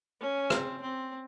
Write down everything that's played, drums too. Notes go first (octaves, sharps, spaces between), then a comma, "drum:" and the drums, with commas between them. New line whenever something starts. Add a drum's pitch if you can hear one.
C#4
C4, drum: rim click
C4